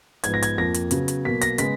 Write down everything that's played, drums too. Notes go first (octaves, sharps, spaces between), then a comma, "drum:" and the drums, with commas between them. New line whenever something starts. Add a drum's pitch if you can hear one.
G#2 F3 B3 G#6, drum: hi-hat
A#6
G#6, drum: hi-hat
F2 F3 A#3 A#6
drum: hi-hat
C#3 F#3 B3, drum: hi-hat
drum: hi-hat
B2 F#3 A#3 B6
A#6, drum: hi-hat
C#3 G#3 B3 B6, drum: hi-hat